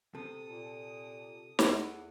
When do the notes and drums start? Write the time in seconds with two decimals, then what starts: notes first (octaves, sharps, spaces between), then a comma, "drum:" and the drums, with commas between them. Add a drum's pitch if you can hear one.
0.15 C3 A4 D#6
0.45 A#2
1.59 E2 E4, drum: snare